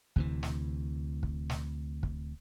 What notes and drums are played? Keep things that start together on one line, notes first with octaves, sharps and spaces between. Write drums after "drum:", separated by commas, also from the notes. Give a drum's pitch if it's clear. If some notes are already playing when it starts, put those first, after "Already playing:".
D2 C3 E3, drum: kick
drum: snare
drum: kick
drum: snare
drum: kick